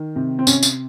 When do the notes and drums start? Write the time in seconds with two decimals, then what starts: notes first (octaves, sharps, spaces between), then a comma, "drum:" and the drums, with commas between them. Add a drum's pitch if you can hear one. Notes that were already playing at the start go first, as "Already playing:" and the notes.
Already playing: D#3
0.16 C3
0.39 C4
0.47 C3 C#4, drum: tambourine
0.63 drum: tambourine